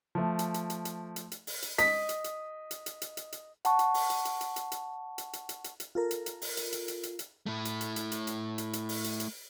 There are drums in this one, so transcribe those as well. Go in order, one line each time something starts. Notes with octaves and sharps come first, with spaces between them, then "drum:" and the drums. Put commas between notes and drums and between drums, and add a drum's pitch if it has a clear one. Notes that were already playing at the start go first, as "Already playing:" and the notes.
F3 A3
drum: hi-hat
drum: hi-hat
drum: hi-hat
drum: hi-hat
drum: hi-hat
drum: hi-hat
drum: open hi-hat
drum: hi-hat
D#5 B6, drum: hi-hat
drum: hi-hat
drum: hi-hat
drum: hi-hat
drum: hi-hat
drum: hi-hat
drum: hi-hat
drum: hi-hat
F#5 A5 C#6, drum: hi-hat
drum: hi-hat
drum: open hi-hat
drum: hi-hat
drum: hi-hat
drum: hi-hat
drum: hi-hat
drum: hi-hat
drum: hi-hat
drum: hi-hat
drum: hi-hat
drum: hi-hat
drum: hi-hat
F4 A4 A#4
drum: hi-hat
drum: hi-hat
drum: open hi-hat
drum: hi-hat
drum: hi-hat
drum: hi-hat
drum: hi-hat
drum: hi-hat
A3 E4
drum: hi-hat
drum: hi-hat
drum: hi-hat
drum: hi-hat
drum: hi-hat
drum: hi-hat
drum: hi-hat
drum: open hi-hat
drum: hi-hat
drum: hi-hat